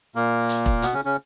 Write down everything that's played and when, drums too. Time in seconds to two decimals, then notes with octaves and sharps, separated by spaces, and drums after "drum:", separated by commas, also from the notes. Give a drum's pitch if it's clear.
0.15 A#2 A#3
0.49 drum: hi-hat
0.66 drum: kick E1
0.82 B2 B3, drum: hi-hat
0.94 C#3 C#4
1.05 C#3 C#4